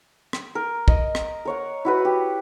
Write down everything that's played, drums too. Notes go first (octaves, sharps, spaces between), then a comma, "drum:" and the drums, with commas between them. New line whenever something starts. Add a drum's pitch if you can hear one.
drum: rim click
A#4
D#5, drum: kick
drum: rim click
A#4 C#5 F#5
E4 F#4 B4
G4